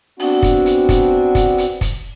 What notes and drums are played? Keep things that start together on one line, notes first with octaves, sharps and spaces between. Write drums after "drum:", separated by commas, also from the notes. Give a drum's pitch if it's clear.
B3 C4 D4 F#4, drum: open hi-hat
drum: kick, hi-hat
drum: hi-hat
drum: kick, hi-hat
drum: kick, hi-hat
drum: hi-hat
drum: kick, hi-hat